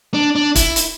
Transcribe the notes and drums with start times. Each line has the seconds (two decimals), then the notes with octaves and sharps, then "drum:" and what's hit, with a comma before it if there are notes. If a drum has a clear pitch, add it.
0.14 D4
0.35 D4
0.56 E4, drum: kick, hi-hat
0.76 drum: hi-hat